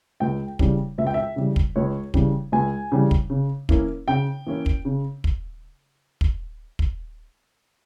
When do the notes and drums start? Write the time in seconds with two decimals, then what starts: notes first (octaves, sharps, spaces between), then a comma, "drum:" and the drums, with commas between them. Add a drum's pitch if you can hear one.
0.20 C#2 G5
0.59 C#3 E3 G3, drum: kick
0.98 C#2 E5
1.07 G5
1.14 E5
1.36 C#3 E3 G3
1.56 drum: kick
1.76 C#2 C#5
2.14 C#3 E3 G3, drum: kick
2.52 C#2 G#5
2.92 C#3 E3 G3
3.11 drum: kick
3.30 C#3
3.69 E3 A#3 C#4 E4, drum: kick
4.08 C#3 G5
4.46 E3 A#3 C#4 E4
4.66 drum: kick
4.85 C#3
5.24 drum: kick
6.21 drum: kick
6.79 drum: kick